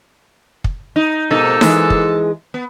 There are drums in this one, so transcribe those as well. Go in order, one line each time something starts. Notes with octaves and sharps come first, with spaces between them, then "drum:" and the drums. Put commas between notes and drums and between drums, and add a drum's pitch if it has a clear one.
drum: kick
D#4
G#2 B2 F3 A#3 D#4 A4
E3 G#3, drum: snare D#4
drum: kick
B3